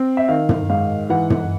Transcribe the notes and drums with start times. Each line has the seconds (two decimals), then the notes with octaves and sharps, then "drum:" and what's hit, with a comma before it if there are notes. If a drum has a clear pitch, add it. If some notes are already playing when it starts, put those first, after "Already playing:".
Already playing: C4
0.17 E5
0.28 D#3 F5
0.49 drum: tom
0.69 G#2 F5
1.10 E3 F#5
1.30 drum: tom